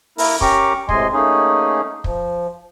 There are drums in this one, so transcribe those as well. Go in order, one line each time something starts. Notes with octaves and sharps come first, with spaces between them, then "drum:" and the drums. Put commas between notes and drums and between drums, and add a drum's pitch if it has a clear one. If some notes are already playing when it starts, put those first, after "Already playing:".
A#3 E4 A#4, drum: open hi-hat
C#4 G4 A#4 A#5 C#6 D6, drum: kick
A2 C3 G#3 D#5 G#5 C6, drum: kick
A3 A#3 C#4 D#4 G#4
F3, drum: kick